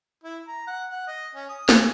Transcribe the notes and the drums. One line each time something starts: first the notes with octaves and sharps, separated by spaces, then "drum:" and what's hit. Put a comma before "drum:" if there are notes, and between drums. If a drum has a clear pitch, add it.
E4
A#5
F#5
F#5
D#5
C#4
D#6
G#5, drum: snare